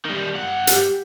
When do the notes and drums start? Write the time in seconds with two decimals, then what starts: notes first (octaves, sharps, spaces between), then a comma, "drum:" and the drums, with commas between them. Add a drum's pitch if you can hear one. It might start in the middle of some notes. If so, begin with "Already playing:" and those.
0.05 D#3 G3
0.35 G2 F#5
0.67 G4, drum: hi-hat